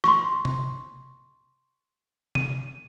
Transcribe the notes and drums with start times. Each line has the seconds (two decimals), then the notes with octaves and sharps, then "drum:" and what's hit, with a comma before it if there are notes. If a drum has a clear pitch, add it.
0.04 C6 C#6, drum: rim click
0.45 drum: tom C3
2.35 D#7, drum: tom C3